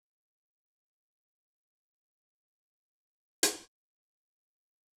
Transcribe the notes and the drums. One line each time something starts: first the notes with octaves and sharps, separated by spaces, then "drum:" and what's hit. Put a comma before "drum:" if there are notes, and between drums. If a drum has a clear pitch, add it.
F#5 B5
F4 C5 C#5 F#5 G5 A#5
drum: hi-hat